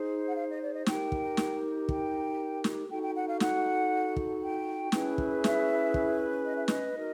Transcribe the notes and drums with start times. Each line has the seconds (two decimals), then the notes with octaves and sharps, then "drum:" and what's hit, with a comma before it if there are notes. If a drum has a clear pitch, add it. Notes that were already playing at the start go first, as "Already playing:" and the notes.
Already playing: D#4 G#4 C5
0.27 F#5
0.36 F5
0.48 D#5
0.61 D5
0.74 D#5
0.86 D#4 G4 A#4 G5, drum: snare
1.12 drum: kick
1.37 drum: snare
1.89 G5, drum: kick
2.64 drum: snare
2.89 D#4 F#4 A4 G5
3.02 G5
3.15 F#5
3.28 F5
3.40 F#5, drum: snare
4.16 drum: kick
4.42 G5
4.92 C#4 E4 G#4 B4, drum: snare
5.18 drum: kick
5.44 E5, drum: snare
5.94 drum: kick
6.45 D#5
6.56 E5
6.68 D#5, drum: snare
6.95 D#4 F#4 A#4